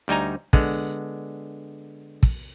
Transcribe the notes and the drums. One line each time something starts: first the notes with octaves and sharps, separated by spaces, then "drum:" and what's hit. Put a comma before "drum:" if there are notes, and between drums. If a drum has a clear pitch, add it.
D2 G3 D#4 G#5 A#5
D3 G#3 B3, drum: kick
drum: kick